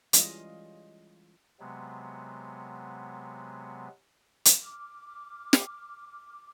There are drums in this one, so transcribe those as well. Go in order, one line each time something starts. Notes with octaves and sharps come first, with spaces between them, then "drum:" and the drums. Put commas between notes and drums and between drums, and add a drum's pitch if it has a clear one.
E3 G3 G#3 C#4 F4 D#5, drum: hi-hat
C3 F#3 G#3 B3
drum: hi-hat
D6 F6
drum: snare